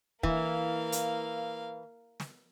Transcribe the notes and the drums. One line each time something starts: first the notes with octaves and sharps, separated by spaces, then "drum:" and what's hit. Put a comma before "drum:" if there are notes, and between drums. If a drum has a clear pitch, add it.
E3 A#3 F5, drum: kick
drum: hi-hat
drum: snare